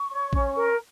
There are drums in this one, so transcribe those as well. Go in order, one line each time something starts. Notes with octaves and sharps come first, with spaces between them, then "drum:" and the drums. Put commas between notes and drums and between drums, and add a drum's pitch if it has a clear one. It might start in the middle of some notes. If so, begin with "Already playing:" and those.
Already playing: C#6
C#5
C#4, drum: kick A1
A#4